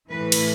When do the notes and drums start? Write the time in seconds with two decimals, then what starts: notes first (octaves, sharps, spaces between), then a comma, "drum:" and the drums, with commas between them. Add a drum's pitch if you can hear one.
0.11 A2 E3 A3 B4
0.32 drum: cymbal